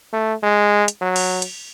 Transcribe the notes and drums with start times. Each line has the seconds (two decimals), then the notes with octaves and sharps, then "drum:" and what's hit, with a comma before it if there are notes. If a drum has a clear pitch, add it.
0.13 A3
0.43 G#3
0.88 drum: hi-hat
1.01 F#3
1.16 drum: cymbal
1.42 drum: hi-hat